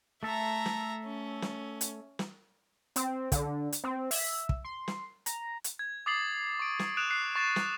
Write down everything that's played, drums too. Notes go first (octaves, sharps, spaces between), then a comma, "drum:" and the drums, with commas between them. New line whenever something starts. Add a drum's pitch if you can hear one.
A3 A4 E5 A#5
drum: snare
C#4
drum: snare
drum: hi-hat
drum: snare
C4, drum: hi-hat
D3, drum: kick, hi-hat
drum: hi-hat
C4
E5, drum: open hi-hat
drum: kick
C6
drum: snare
A#5, drum: hi-hat
drum: hi-hat
G#6
D6 D#6 A6 C7 F#7
C#6 D7
drum: snare
D#6 F#6 D7 E7 F7
F#6 C7
C#6 A6 E7
drum: snare